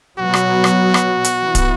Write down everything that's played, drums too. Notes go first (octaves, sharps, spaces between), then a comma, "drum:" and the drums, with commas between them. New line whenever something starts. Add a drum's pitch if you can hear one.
B2 F#3 B3 F#4
drum: rim click
drum: rim click
drum: rim click
drum: hi-hat
E3 B3
drum: kick, hi-hat